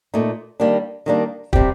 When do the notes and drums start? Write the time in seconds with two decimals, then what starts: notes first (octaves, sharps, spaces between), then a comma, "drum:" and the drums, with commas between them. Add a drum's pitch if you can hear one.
0.14 A#2 A3 D#4
0.60 D#3 G3 A#3 D4
1.06 D#3 G3 A#3 D4
1.53 C3 G3 C4 G4, drum: kick